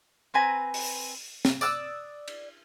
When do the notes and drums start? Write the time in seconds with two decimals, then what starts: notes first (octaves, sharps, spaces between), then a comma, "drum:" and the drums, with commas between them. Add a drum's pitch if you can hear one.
0.34 C4 B4 G#5 A#5
0.74 drum: open hi-hat
1.45 drum: snare
1.61 D5 D#6 E6 F#6, drum: tambourine
2.28 drum: cymbal